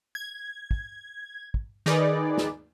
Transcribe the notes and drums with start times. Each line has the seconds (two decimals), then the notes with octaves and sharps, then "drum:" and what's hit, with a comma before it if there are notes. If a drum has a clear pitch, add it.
0.15 G#6
0.71 drum: kick
1.54 drum: kick
1.86 D#3 D#4 G#4 B4 D5
2.38 drum: snare